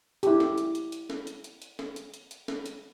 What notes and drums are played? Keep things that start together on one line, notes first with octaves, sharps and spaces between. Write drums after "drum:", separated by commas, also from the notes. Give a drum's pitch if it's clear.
E4 G4, drum: hi-hat
drum: snare
drum: hi-hat
drum: hi-hat
drum: hi-hat
drum: snare
drum: hi-hat
drum: hi-hat
drum: hi-hat
drum: snare
drum: hi-hat
drum: hi-hat
drum: hi-hat
drum: snare
drum: hi-hat